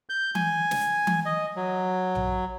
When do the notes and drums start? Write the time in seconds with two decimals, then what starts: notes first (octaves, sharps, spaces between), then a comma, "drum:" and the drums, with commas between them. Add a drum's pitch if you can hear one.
0.09 G6
0.35 G#5, drum: tom E3
0.71 drum: snare
1.07 drum: tom E3
1.25 D#5
1.56 F#3
2.15 drum: tom A#1